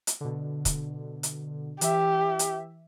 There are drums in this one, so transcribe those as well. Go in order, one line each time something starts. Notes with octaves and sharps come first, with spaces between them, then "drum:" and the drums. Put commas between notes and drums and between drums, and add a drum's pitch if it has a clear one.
drum: hi-hat
B2 D3
drum: kick, hi-hat
drum: hi-hat
E3 G4 E5, drum: hi-hat
drum: hi-hat